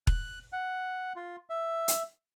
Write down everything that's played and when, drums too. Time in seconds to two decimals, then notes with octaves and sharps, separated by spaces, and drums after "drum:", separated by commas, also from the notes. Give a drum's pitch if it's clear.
0.07 F#6, drum: kick E1
0.52 F#5
1.16 F4
1.50 E5
1.88 drum: hi-hat